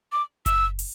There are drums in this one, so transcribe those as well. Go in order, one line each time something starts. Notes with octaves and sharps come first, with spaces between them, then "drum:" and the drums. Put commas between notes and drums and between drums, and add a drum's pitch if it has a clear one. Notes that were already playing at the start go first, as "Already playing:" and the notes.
D6
E6, drum: kick F#1, hi-hat
drum: open hi-hat